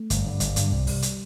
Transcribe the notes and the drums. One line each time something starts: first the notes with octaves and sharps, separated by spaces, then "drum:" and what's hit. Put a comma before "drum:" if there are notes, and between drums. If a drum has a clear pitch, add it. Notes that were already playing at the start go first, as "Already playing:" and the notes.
Already playing: A3
G1, drum: hi-hat
G2 D3
G1 G3, drum: hi-hat
G2 D3 G3, drum: hi-hat
C2 G3
C3, drum: open hi-hat
drum: hi-hat